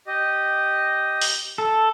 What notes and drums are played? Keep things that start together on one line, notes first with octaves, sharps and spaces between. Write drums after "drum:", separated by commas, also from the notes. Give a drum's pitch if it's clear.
G4 D#5
drum: open hi-hat
A4